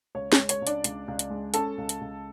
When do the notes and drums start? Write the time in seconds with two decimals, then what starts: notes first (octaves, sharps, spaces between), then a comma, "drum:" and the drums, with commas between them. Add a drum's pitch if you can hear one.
0.15 C#2 C#5
0.32 C#5, drum: snare
0.38 G#3
0.49 C#5, drum: hi-hat
0.62 C#2
0.67 D4 D5, drum: hi-hat
0.84 C#2, drum: hi-hat
1.08 C#2
1.19 drum: hi-hat
1.30 G#3
1.54 C#4 A4 A5, drum: hi-hat
1.78 C#2
1.89 drum: hi-hat
2.01 C#2